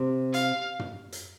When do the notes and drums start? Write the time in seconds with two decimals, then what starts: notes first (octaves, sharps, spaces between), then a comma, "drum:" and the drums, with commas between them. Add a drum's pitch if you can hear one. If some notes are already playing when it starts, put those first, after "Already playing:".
Already playing: C3
0.34 F5, drum: hi-hat
0.79 drum: tom
1.12 drum: hi-hat